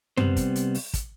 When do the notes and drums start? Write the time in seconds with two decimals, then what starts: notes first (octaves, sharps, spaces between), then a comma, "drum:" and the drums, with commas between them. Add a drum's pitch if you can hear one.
0.17 C2 G3 B3 C4 C5, drum: tom F#2
0.36 drum: kick, hi-hat
0.56 drum: hi-hat
0.75 drum: open hi-hat
0.94 drum: kick, hi-hat